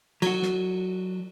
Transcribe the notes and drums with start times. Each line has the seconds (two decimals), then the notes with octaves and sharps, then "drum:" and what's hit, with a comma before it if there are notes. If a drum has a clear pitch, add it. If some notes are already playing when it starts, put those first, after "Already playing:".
0.22 F#3 F#4, drum: cymbal
0.43 drum: snare